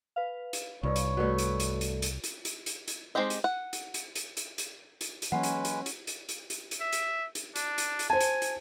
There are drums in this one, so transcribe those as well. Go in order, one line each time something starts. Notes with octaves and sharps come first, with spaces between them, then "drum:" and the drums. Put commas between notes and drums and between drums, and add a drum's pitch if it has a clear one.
B4 F5
drum: hi-hat
C2 G2 C#5
drum: hi-hat
G2 A3 F#4
drum: hi-hat
drum: hi-hat
drum: hi-hat
drum: hi-hat
drum: hi-hat
drum: hi-hat
drum: hi-hat
drum: hi-hat
G#3 C4 D#4 G4 D#5
drum: hi-hat
F#5
drum: hi-hat
drum: hi-hat
drum: hi-hat
drum: hi-hat
drum: hi-hat
drum: hi-hat
drum: hi-hat
E3 F#3 G#3 A#3 C#4 B4 F#5
drum: hi-hat
drum: hi-hat
drum: hi-hat
drum: hi-hat
drum: hi-hat
drum: hi-hat
drum: hi-hat
E5
drum: hi-hat
drum: hi-hat
D4, drum: hi-hat
drum: hi-hat
drum: hi-hat
C5 G#5 A5
drum: hi-hat
drum: hi-hat